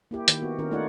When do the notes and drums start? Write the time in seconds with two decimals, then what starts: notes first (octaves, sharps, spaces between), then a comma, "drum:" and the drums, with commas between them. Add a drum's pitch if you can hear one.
0.11 A#3 E4 G4
0.28 D#3, drum: hi-hat
0.42 B3 F#4
0.59 D#3 C#4 E4 A#4
0.71 A3 D#4 F4 C#5 D5 F#5